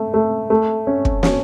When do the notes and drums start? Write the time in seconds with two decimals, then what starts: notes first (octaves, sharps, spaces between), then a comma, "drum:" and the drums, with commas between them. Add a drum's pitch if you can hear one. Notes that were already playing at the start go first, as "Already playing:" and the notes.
Already playing: A3
0.14 A3
0.50 A3
0.87 C#4
1.05 drum: kick
1.23 C#4, drum: snare